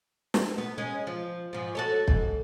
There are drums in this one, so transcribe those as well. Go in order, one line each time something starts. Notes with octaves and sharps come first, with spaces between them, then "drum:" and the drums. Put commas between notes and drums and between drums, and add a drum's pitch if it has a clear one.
drum: snare
B3
G#3 C#4
F3
G#2 F3
F#4 A4 C#5
G#2, drum: kick